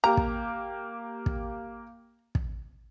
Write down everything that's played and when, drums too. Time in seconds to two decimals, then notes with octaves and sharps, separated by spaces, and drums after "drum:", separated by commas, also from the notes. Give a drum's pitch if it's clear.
0.04 A#3 G4 A#5
0.17 drum: kick
1.26 drum: kick
2.35 drum: kick